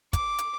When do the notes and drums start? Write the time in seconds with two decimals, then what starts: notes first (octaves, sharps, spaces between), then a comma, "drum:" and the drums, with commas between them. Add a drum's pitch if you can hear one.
0.13 D6, drum: kick, hi-hat
0.38 drum: hi-hat